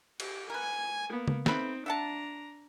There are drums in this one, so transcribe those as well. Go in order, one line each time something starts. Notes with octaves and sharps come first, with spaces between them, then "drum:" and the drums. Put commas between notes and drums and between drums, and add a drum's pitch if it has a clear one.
G4, drum: cymbal
A#4 B4 G#5
A#3 B3
drum: tom C#3
A3 C4 D#4 B4 B5, drum: snare
D4 E5 F#5 A5 A#5